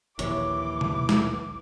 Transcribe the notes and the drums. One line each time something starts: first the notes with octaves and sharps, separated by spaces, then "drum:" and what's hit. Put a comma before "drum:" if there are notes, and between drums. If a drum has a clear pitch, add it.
A#1 D#2 E3 C#5 D6, drum: hi-hat
drum: tom B2
drum: snare